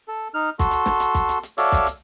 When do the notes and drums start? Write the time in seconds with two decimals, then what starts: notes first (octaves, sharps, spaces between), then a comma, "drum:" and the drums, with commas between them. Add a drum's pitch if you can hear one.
0.08 A4
0.34 D#4 F6
0.59 F#4 A4 C6, drum: kick, hi-hat
0.71 drum: hi-hat
0.86 drum: snare
1.00 drum: hi-hat
1.15 drum: kick, hi-hat
1.29 drum: hi-hat
1.43 drum: hi-hat
1.58 F#4 A4 C#5 D5 E5 F5, drum: hi-hat
1.72 drum: kick, hi-hat
1.87 drum: hi-hat